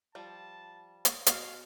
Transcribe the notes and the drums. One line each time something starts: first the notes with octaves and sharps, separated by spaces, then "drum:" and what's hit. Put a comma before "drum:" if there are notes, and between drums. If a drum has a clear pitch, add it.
F3 G3 A5
drum: hi-hat
B2 F5, drum: hi-hat